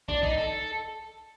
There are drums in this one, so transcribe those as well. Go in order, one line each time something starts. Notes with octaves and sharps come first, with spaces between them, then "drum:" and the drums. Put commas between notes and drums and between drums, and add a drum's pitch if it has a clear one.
D4, drum: kick
D#4, drum: kick
A4